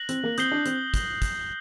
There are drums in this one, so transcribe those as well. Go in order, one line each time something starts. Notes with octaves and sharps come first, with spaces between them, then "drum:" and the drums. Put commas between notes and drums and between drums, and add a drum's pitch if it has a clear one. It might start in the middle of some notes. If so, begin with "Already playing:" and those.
Already playing: F#6 A#6 F#7
C4, drum: hi-hat
A#3
C4 D#6 G6 C7 G7, drum: hi-hat
D4
C4, drum: hi-hat
drum: kick, hi-hat
drum: kick, hi-hat